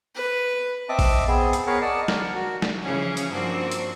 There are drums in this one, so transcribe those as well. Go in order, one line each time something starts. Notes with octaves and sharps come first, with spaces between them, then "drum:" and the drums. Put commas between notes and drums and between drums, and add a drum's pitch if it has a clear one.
B4
C4 D#5 E5 A5 D6
drum: kick A#1, open hi-hat
B3 C4 G#4
drum: hi-hat
B3 G#4 A#4 B4 C#5 F#5
D5 D#5 F#5 A5
A#4 F#5, drum: snare
F#4
drum: snare
C#3 E3 F3 C#4 G#4
drum: hi-hat
G2 F3 A#3 C4 D4 F#4
drum: hi-hat